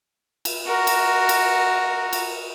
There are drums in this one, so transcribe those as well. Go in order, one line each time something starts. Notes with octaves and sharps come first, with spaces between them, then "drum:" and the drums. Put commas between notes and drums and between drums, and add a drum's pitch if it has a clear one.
drum: cymbal
F#4 A#4
drum: cymbal
drum: cymbal
drum: cymbal